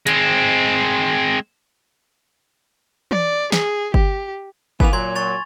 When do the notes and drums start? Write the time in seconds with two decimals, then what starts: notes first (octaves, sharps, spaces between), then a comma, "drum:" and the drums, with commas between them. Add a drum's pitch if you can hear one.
0.07 G#3 C4, drum: hi-hat
3.11 D5, drum: tom E3
3.52 G#4, drum: snare
3.94 G4, drum: kick G1
4.80 E3 A#3 B3 G#5 F7, drum: kick G1
4.93 A#2 F#3 C6 G#6
5.15 C#6 A6 F7